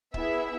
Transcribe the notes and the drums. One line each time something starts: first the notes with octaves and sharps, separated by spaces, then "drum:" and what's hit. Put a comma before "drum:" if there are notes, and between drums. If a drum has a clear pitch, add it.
B3 E4 G#4 E5, drum: kick C#1